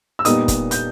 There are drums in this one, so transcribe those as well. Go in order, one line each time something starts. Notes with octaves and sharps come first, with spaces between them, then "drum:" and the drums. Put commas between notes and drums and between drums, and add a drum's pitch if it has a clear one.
E6
A#2 G3 B3 D#4 D#6, drum: hi-hat
drum: kick, hi-hat
G6, drum: hi-hat